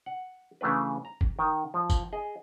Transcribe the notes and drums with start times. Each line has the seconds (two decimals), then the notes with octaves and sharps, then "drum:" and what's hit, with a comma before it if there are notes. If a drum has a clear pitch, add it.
0.06 F#5
0.61 C#3 E3 A3 D4 B4
1.05 A#5
1.21 drum: kick F#1
1.39 D#3
1.74 F3
1.90 drum: kick F#1, tambourine
2.13 G#4 D#5